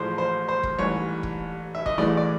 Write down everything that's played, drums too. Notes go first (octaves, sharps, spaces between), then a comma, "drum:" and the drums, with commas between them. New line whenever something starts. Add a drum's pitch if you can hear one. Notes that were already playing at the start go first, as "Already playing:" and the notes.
Already playing: A1 A2 F3 G#3 C5
C5
C5
drum: kick E1
A1 G#2 E3 G3 C#5
drum: kick E1
E5
D#5, drum: kick E1
A1 A2 E3 G#3 D5
D5